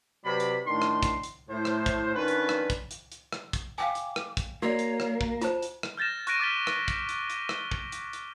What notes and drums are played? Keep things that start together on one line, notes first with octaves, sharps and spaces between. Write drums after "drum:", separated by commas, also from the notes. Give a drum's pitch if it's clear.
C3 F#3 B4 D5 B5
drum: hi-hat
A2 D#3 D4 C6
drum: rim click
drum: kick, hi-hat
drum: hi-hat
A2 C5
drum: rim click
drum: kick, hi-hat
D#3 C#4 D4 F4 B4
drum: hi-hat
drum: rim click
drum: kick, hi-hat
drum: hi-hat
drum: hi-hat
drum: rim click
drum: kick, hi-hat
F5 G5 G#5 D6
drum: hi-hat
drum: rim click
drum: kick, hi-hat
A#3 F#4 C#5 D5
drum: hi-hat
drum: rim click
drum: kick
F4 C5 A5, drum: hi-hat
drum: hi-hat
drum: rim click
F6 G6 A6 A#6 E7
C#6 F#6 A6 A#6 D7 D#7, drum: hi-hat
D6 F6 A6 B6 G7
drum: rim click
drum: kick, hi-hat
drum: hi-hat
drum: hi-hat
G7, drum: rim click
drum: kick
drum: hi-hat
drum: hi-hat